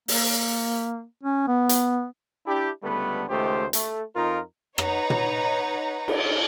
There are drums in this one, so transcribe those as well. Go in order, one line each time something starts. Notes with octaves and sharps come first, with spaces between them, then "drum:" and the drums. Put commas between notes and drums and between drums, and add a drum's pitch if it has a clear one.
A#3, drum: open hi-hat
C#4
B3
drum: hi-hat
D4 E4 G4
C#2 D3 G3 A3 B3 B4
C#2 D#3 A3 G4 C5
A3, drum: hi-hat
F2 D#4 F4 A#4
D#4 B4 C#5 F#5 A#5, drum: rim click
drum: tom
drum: cymbal